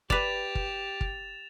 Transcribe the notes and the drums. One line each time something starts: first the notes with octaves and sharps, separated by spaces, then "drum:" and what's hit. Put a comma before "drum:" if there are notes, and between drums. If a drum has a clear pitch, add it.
G4 B4 D5 A6 E7 F7, drum: kick
drum: kick
drum: kick